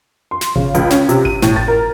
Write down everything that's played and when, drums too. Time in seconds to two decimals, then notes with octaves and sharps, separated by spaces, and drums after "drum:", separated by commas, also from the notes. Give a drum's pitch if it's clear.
0.31 C6
0.41 drum: snare
0.55 C#3, drum: kick G#1
0.75 C#2, drum: hi-hat
0.91 C#4, drum: snare
1.09 C3, drum: hi-hat
1.25 D#7, drum: kick G#1
1.42 A2, drum: snare
1.56 A6, drum: kick G#1
1.68 A#4